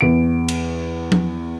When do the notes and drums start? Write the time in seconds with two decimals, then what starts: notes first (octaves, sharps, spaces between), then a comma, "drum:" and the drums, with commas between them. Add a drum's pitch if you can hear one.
0.01 E2 D7
0.48 drum: cymbal
1.12 drum: tom F3